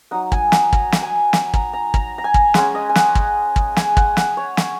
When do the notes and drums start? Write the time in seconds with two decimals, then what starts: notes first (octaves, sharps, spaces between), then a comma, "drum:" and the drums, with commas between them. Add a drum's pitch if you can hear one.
0.11 F#3 D#4 F#5
0.32 G#5, drum: kick
0.52 F#5, drum: snare
0.73 A#5, drum: kick
0.92 drum: snare
1.02 G#5
1.33 G#5, drum: snare
1.54 A#5, drum: kick
1.73 A#5
1.94 A#5, drum: kick
2.18 A#5
2.24 G#5
2.34 drum: kick
2.54 G#3 C#4 F#5, drum: snare
2.75 D#5
2.89 G#5
2.95 F#5, drum: snare
3.15 drum: kick
3.56 drum: kick
3.76 G#5, drum: snare
3.97 F#5, drum: kick
4.17 F#5, drum: snare
4.37 C#5
4.57 drum: snare